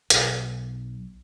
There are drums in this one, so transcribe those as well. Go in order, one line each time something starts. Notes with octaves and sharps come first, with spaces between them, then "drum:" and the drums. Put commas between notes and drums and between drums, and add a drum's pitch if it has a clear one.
B1, drum: hi-hat